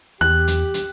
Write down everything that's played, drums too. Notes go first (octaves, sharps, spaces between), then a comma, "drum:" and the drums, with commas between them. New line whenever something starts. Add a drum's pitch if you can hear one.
E2 G4 F#6, drum: rim click
drum: hi-hat
drum: hi-hat